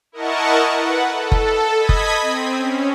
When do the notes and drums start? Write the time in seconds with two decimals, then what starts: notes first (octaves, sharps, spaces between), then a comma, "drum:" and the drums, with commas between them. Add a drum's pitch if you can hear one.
0.12 E4 A#4 D#5 F#5 A5 C#6
0.74 B4 F#5
1.10 A4
1.32 drum: kick F#1
1.79 D#5 B5 D#6 G#6 B6
1.89 drum: kick F#1
2.22 C4
2.57 C#4